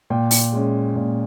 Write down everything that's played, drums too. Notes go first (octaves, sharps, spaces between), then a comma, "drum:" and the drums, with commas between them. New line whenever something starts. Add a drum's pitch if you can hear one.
A#2 G5
drum: open hi-hat
G#3 C#4
A#2